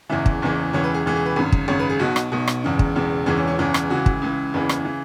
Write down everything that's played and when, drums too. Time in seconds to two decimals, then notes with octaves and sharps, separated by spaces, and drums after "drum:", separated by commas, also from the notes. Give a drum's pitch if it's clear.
0.09 F#1 E2 C#3 E3 E5
0.26 drum: kick
0.42 F#1 E2 C#3 E3
0.73 E1 E2 C#3 E3 C#5
0.84 B4
0.94 G#4
1.05 E1 E2 C#3 E3
1.16 G#4
1.26 B4
1.36 G#1 F#2 C#3 B4
1.52 drum: kick
1.68 G#1 F#2 C#3 C#5
1.79 B4
1.89 G#4
1.99 B1 B2 F#4
2.16 drum: rim click
2.32 B1 B2
2.47 drum: rim click
2.64 E1 E2 C#3
2.79 drum: kick
2.95 E1 E2 C#3
3.26 E1 E2 C#3 E3 G#4
3.37 C#4
3.47 C#4
3.59 E1 E2 C#3 E3 C#4
3.74 drum: rim click
3.90 C#2 C#3 E3 F#4
4.06 drum: kick
4.22 C#2 C#3 E3
4.54 F#1 E2 C#3 E3 B4
4.69 drum: rim click
4.85 C#3 E3